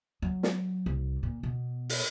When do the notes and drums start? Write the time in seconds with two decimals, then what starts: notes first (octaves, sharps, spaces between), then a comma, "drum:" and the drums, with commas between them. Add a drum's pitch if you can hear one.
0.22 F#3
0.43 drum: snare
0.86 C2
1.23 A#2
1.43 B2
1.89 drum: open hi-hat